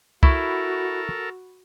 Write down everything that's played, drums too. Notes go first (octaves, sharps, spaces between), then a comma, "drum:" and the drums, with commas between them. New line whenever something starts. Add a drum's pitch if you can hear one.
E4 F#4 A4 A#4 B5 C#6, drum: kick